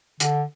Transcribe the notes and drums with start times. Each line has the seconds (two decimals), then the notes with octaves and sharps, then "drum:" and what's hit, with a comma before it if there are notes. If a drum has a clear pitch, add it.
0.20 D3, drum: hi-hat